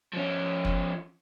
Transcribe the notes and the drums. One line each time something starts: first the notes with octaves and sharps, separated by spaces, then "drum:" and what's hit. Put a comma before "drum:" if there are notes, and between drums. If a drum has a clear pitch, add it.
F3 C#4
drum: kick